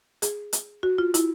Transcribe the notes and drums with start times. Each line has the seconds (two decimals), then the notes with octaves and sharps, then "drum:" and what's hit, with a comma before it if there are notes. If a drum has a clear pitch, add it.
0.22 G#4, drum: hi-hat
0.53 drum: hi-hat
0.83 F#4
0.98 F4
1.14 E4, drum: hi-hat